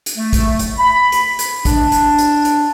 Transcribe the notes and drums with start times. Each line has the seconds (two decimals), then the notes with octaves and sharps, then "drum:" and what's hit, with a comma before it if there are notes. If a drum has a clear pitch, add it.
0.06 drum: hi-hat
0.16 A3
0.33 drum: kick, hi-hat
0.59 drum: hi-hat
0.78 B5
1.12 drum: hi-hat
1.39 drum: hi-hat
1.65 D4, drum: kick, hi-hat
1.92 drum: hi-hat
2.18 drum: hi-hat
2.45 drum: hi-hat